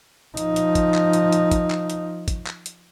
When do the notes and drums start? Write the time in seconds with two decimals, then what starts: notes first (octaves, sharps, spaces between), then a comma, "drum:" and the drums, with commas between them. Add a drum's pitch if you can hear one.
0.37 F3 D#4, drum: hi-hat
0.56 drum: hi-hat
0.75 drum: kick A1, hi-hat
0.94 drum: clap
1.13 drum: hi-hat
1.32 drum: hi-hat
1.52 drum: kick A1, hi-hat
1.71 drum: clap
1.90 drum: hi-hat
2.28 drum: kick A1, hi-hat
2.47 drum: clap
2.66 drum: hi-hat